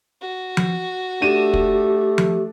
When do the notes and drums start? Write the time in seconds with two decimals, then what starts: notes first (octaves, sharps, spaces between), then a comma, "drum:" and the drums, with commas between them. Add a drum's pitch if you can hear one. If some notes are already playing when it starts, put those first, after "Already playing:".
0.21 F#4
0.57 drum: tom F3
1.21 A3 D4 G4 D#7 E7
1.54 drum: kick
2.18 drum: tom F3